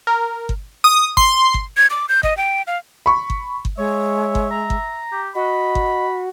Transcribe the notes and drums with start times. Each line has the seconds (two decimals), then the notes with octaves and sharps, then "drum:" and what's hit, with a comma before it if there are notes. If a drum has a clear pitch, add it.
0.07 A#4
0.49 drum: kick G1
0.84 D#6
1.17 C6, drum: kick G1
1.54 drum: kick G1
1.77 G#6
1.90 D6
2.09 G6
2.23 D#5, drum: kick G1
2.37 G5
2.67 F5
3.06 B5 C#6
3.30 drum: kick G1
3.65 drum: kick G1
3.78 G#3 C#5 E5
4.35 drum: kick G1
4.51 A#5
4.70 drum: kick G1
5.12 G4
5.35 F#4 D#5 B5
5.75 drum: kick G1